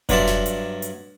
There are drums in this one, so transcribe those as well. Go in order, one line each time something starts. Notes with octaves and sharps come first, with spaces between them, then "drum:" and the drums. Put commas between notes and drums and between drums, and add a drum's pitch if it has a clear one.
G2 F#3 F4 D5 E5 A5, drum: kick F1, hi-hat
drum: snare
drum: hi-hat
drum: hi-hat